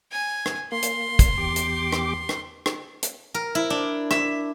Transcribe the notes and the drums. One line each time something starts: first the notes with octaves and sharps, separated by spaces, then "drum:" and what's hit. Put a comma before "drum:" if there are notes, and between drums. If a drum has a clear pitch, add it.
G#5
drum: rim click
A#3 C6
drum: hi-hat
drum: kick, hi-hat
E2 G4 D6
drum: hi-hat
drum: rim click
drum: rim click
drum: rim click
drum: hi-hat
A#4
E4
D4
E5, drum: rim click